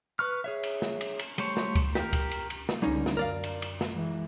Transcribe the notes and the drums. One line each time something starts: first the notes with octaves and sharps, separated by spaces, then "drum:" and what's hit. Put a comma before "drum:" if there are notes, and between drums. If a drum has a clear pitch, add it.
B4 C#6 F6
G#4 C#5 E5
drum: cymbal
drum: snare
drum: cymbal
drum: cymbal
G3 A3 C5 C#5, drum: cymbal
drum: snare
drum: kick C#2, cymbal
G4 A#4, drum: snare
drum: kick C#2, cymbal
drum: cymbal
drum: cymbal
drum: snare
C#2 D3 G3 C#4 D#4
drum: snare
F#2 A#4 D5 F5
drum: cymbal
drum: cymbal
drum: snare
E3 G#3